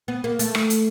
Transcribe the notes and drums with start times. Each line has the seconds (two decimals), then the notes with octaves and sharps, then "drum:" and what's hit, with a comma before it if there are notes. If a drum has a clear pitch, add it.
0.08 B3
0.24 A#3
0.39 A3, drum: hi-hat
0.55 drum: rim click
0.70 drum: hi-hat